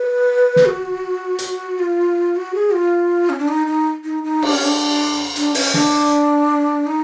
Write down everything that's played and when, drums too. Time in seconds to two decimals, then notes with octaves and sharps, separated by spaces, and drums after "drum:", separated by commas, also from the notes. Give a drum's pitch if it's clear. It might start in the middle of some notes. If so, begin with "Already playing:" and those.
Already playing: B4
0.56 drum: snare
0.66 F#4
1.39 drum: hi-hat
1.79 F4
2.36 F#4
2.55 G#4
2.73 F4
3.30 C#4
3.38 D4
3.48 D#4
3.67 D#4
4.04 D#4
4.24 D#4
4.43 D4, drum: cymbal
4.53 C#4
4.64 D4
5.36 D4, drum: hi-hat
5.55 C#4, drum: open hi-hat
5.74 D4, drum: snare
6.87 D#4